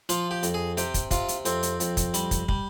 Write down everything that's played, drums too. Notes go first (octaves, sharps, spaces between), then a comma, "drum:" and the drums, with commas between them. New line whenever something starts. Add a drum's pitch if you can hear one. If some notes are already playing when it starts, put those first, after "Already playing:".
F3 F4, drum: hi-hat
G4
F2, drum: hi-hat
G#4
C3 G4, drum: hi-hat
drum: kick, hi-hat
C3 F4, drum: kick, hi-hat
drum: hi-hat
F2 C4, drum: hi-hat
drum: hi-hat
F2, drum: hi-hat
drum: kick, hi-hat
G3, drum: hi-hat
drum: kick, hi-hat
G3, drum: kick